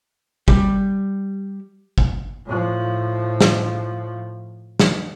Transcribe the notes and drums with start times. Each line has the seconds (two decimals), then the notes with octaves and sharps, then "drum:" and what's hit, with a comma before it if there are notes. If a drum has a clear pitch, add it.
0.48 G3, drum: kick
1.98 drum: kick
2.46 A2 F3
3.41 drum: snare
4.80 drum: snare